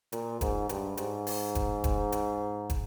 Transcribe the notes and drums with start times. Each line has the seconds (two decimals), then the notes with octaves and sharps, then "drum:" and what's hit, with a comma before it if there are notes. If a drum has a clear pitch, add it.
0.12 A#2, drum: hi-hat
0.41 G#2, drum: kick, hi-hat
0.69 G2, drum: hi-hat
0.97 G#2, drum: hi-hat
1.27 drum: open hi-hat
1.55 drum: kick, hi-hat
1.84 drum: kick, hi-hat
2.12 drum: hi-hat
2.70 drum: kick, hi-hat